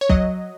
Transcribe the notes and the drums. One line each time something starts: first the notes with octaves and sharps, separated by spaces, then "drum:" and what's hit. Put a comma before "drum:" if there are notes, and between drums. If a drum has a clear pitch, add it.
C#5
F#3 D#5, drum: kick